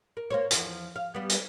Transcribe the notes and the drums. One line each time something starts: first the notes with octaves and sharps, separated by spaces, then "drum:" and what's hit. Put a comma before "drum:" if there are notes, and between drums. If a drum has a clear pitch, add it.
A#4
A#3 C5 C#5
E2 F3, drum: hi-hat
F5
G3 B3
drum: hi-hat